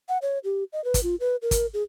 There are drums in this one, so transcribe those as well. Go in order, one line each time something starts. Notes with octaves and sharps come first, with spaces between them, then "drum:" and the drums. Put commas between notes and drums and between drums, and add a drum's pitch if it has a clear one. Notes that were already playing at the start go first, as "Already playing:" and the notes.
F#5
C#5
G4
D#5
B4
drum: kick, hi-hat
F4
B4
A#4
drum: kick, hi-hat
G#4